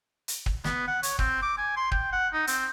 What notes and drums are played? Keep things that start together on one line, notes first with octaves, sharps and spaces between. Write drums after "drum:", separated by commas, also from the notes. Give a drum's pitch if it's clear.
drum: hi-hat
drum: kick
B3, drum: snare
F#5
C#5, drum: hi-hat
C4, drum: kick
D6
G#5
C6
G5, drum: kick
F#5
D#4
C4, drum: hi-hat